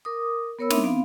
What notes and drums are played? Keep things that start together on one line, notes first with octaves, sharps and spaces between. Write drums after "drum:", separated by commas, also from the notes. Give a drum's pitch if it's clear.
A#4 D6 D#6
B3 A#4 C#5 B5 E6
B3 C4 D4 D#4 E5, drum: snare
B3 C4 F5